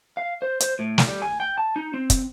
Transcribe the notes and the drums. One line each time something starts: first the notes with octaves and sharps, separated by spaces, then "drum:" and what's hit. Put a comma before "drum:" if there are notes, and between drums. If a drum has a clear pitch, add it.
F5
C5
C5, drum: hi-hat
A2
drum: snare
G3
G#5
G5
A5
D#4
C4
drum: kick, hi-hat